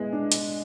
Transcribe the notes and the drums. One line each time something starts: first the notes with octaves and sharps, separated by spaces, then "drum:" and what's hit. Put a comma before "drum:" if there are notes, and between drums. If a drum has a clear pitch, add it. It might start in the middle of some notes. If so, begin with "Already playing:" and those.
Already playing: G#3 B3 E4 G#4
D4
drum: hi-hat